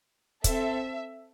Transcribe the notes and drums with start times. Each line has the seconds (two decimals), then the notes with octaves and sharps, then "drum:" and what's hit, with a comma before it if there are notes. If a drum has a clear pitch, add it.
0.44 C4 A4 E5, drum: kick, hi-hat